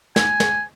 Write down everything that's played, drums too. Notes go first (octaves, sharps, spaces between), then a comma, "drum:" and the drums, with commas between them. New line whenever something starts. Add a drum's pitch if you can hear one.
G#5, drum: snare
drum: snare